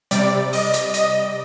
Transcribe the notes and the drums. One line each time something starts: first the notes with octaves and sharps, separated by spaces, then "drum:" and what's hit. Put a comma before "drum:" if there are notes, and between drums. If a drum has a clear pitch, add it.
C3 G3 D5, drum: hi-hat
D#5, drum: open hi-hat
drum: hi-hat
D#5, drum: hi-hat